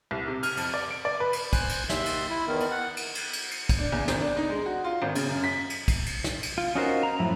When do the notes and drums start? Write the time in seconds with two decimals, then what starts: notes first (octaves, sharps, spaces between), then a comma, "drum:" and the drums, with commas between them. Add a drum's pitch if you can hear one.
0.11 C2
0.28 C3
0.43 F6, drum: cymbal
0.57 F2, drum: cymbal
0.74 D5
0.91 D7
1.05 D5
1.20 B4
1.33 drum: cymbal
1.53 C5 G#5 F#6, drum: kick, cymbal
1.69 drum: cymbal
1.89 D#2 E5 C6, drum: snare
2.06 drum: cymbal
2.30 E4
2.47 E2 D#3
2.60 drum: cymbal
2.71 F#5
2.97 drum: cymbal
3.15 drum: cymbal
3.33 drum: cymbal
3.51 drum: cymbal
3.69 drum: kick, cymbal
3.79 D4
3.92 E2
4.08 G#1, drum: snare
4.20 D4
4.37 D#4
4.49 G#3
4.66 F#4
4.84 F4
5.02 G#1
5.15 C#3, drum: cymbal
5.28 F#2
5.44 B6
5.70 drum: cymbal
5.88 drum: kick, cymbal
6.06 drum: cymbal
6.24 drum: snare
6.43 drum: cymbal
6.58 F4
6.75 C#4 D#4 F4 F#4 A#4 C5
7.03 A#5
7.19 F#2 A2 F3 E4